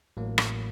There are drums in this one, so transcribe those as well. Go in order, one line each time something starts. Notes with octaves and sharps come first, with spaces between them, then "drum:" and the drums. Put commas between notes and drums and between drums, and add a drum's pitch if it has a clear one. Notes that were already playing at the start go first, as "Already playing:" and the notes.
A1 A2 F#3 A#3
drum: rim click